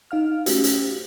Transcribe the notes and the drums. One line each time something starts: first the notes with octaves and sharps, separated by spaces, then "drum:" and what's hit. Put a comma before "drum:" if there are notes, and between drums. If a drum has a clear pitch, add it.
D#4 F5 F6
A3 C#4 F#4 G4, drum: hi-hat
drum: hi-hat